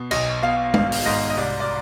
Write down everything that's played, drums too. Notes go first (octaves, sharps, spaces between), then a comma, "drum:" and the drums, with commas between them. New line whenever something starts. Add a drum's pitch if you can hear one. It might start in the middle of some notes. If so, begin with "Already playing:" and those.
Already playing: B2
B1 D#5, drum: cymbal
B2 F5
G#1 F5, drum: tom
drum: open hi-hat
G#2 D#5
D#5
C2 D5
D5